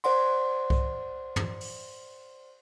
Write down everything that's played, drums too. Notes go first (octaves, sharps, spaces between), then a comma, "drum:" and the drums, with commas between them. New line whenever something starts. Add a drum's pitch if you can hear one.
C5 D5 F#5 C6, drum: cymbal
drum: kick C2
drum: tom
drum: open hi-hat